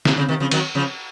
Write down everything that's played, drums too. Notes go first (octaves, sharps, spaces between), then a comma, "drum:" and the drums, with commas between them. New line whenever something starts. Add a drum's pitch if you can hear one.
C3, drum: snare
C#3
C3 D#3
C#3 F3
D#3 F#3, drum: cymbal
C#3 F3